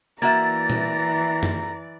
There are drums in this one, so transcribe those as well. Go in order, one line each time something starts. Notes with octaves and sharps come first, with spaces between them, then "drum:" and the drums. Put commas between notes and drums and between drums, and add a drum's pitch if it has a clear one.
E3 A#3 F#4 D5 E5 A#5 A6
drum: tom
drum: tom F#2